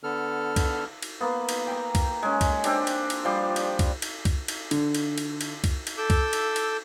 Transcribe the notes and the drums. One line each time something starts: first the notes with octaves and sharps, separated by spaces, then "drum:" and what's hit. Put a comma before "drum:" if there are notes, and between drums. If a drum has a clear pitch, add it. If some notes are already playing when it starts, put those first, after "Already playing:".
D3 B3 A4 F6
drum: kick C2, cymbal
drum: cymbal
A#3 B3
drum: cymbal
G5 A#5
drum: kick C2, cymbal
G#3 C#4
drum: kick C2, cymbal
C4 D4 G4, drum: cymbal
drum: cymbal
drum: cymbal
F3 G3 C6 D6
drum: cymbal
drum: kick C2, cymbal
drum: cymbal
drum: kick C2, cymbal
drum: cymbal
D3, drum: cymbal
drum: cymbal
drum: cymbal
drum: cymbal
drum: kick C2, cymbal
drum: cymbal
A4 D6 E6 G6
drum: kick C2, cymbal
drum: cymbal
drum: cymbal